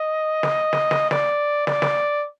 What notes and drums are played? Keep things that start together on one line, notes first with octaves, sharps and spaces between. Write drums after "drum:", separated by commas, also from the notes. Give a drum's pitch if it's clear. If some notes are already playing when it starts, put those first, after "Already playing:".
Already playing: D#5
drum: snare
drum: snare
drum: snare
D5, drum: snare
D5, drum: snare
drum: snare